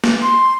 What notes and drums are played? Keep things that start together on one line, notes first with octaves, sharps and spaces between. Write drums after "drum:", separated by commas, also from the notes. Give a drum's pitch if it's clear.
drum: snare
C6